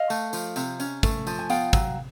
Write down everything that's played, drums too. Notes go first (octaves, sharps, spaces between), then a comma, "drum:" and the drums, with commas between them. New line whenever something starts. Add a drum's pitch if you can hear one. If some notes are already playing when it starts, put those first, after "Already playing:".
Already playing: D#5 F5
A3, drum: tambourine
F3, drum: tambourine
C3, drum: tambourine
C#4, drum: tambourine
A3, drum: kick, tambourine
F3, drum: tambourine
G#5
B3 F5 G5, drum: tambourine
F#3, drum: kick, tambourine